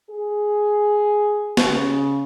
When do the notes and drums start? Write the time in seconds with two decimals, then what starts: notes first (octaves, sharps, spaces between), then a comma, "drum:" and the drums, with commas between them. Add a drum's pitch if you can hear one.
0.10 G#4
1.57 drum: snare
1.70 C#3